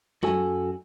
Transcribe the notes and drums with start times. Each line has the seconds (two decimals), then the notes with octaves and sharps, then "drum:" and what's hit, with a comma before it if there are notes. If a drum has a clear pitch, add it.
0.23 F#2 F#4 A4 G#5, drum: tom F#3